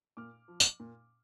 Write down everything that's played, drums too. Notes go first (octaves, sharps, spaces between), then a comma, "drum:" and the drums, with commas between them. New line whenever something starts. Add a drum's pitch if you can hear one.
A#2 D6 F6
F3
drum: tambourine
A#2